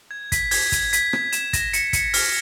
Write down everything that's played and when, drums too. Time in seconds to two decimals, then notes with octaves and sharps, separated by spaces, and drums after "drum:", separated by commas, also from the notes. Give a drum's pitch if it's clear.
0.11 G#6
0.32 B6, drum: kick, hi-hat
0.51 G#6, drum: open hi-hat
0.72 G#6, drum: kick, hi-hat
0.93 B6, drum: hi-hat
1.13 G#6, drum: rim click
1.32 E7, drum: hi-hat
1.53 A#6, drum: kick, hi-hat
1.73 C#7, drum: hi-hat
1.93 C#7, drum: kick, hi-hat
2.14 F6, drum: open hi-hat